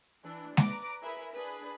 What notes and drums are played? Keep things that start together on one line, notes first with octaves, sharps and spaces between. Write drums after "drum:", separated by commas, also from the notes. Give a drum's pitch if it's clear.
E3 D4
B4 D5 A#5 D6, drum: snare G#3
E4 G#4 A#4 B4 E5
D4 G#4 B4